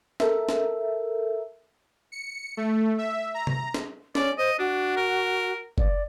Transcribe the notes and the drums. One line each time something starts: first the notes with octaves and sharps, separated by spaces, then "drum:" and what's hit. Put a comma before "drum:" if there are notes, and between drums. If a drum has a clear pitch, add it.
A4 A#4 E5, drum: snare
drum: snare
C#7
A3
E5
A#5
drum: tom C3
drum: snare
C#4 D5, drum: snare
C5 D#5
D4 F#4
A#4
D5, drum: kick